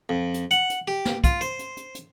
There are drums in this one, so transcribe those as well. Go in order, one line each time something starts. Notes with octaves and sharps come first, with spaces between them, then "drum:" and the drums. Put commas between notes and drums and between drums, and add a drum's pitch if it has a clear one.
F2
drum: hi-hat
F#5, drum: hi-hat
drum: hi-hat
G4
drum: snare
F4, drum: kick, hi-hat
C5, drum: hi-hat
drum: hi-hat
drum: hi-hat
drum: hi-hat